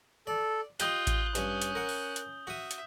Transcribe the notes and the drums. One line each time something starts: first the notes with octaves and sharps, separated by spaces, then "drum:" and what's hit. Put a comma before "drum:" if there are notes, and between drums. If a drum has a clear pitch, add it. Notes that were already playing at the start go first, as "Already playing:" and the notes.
A4 D5
F4 G4 D#5 G5 D#6 F#6 G6 G7, drum: hi-hat
drum: kick A1, hi-hat
G2 C#4, drum: hi-hat
drum: hi-hat
A#4 F#5
drum: open hi-hat
drum: hi-hat
F#4 E5 D#6
drum: hi-hat